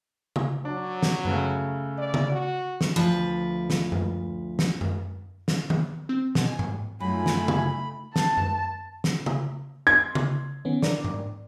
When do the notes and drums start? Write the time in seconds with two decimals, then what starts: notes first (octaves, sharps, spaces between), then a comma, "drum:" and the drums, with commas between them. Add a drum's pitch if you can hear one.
0.36 drum: tom C#3
0.65 F#3 D4
1.03 drum: snare
1.25 C#3 A3 B4, drum: tom F#2
1.98 D5
2.14 drum: tom C#3
2.32 F#4
2.81 drum: snare
2.96 D2 F3 B4
3.70 drum: snare
3.92 drum: tom F#2
4.59 drum: snare
4.81 drum: tom F#2
5.48 drum: snare
5.70 drum: tom D#3
6.09 C4
6.35 B2, drum: snare
6.47 G#5
6.59 drum: tom G#2
7.00 F#2 A3 D#4 F4 G#5 B5
7.26 drum: snare
7.48 drum: tom C#3
8.16 A5, drum: snare
8.37 drum: tom F#2
9.04 drum: snare
9.26 drum: tom C#3
9.87 C6 G#6
10.15 drum: tom C#3
10.65 D#3 B3 C#4
10.82 D4 A#4 D5, drum: snare
11.04 drum: tom G#2